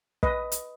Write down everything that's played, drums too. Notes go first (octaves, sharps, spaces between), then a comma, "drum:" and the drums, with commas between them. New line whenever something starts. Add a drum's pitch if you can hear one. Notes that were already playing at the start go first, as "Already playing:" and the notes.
B4 D#5, drum: kick
drum: hi-hat